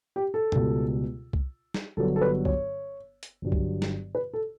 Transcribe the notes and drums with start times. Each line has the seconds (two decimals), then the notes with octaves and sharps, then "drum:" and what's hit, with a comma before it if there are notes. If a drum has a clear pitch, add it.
0.16 G4
0.34 A4
0.52 C#2 B2 G3, drum: tom F#2
1.33 drum: kick C2
1.74 drum: snare
1.97 G1 G2 F#3 B3 A4
2.16 A4
2.21 B4
2.45 C#5, drum: kick C2
3.23 drum: hi-hat
3.42 G1 G2 F#3
3.52 drum: kick C2
3.82 drum: snare
4.15 B4
4.34 A4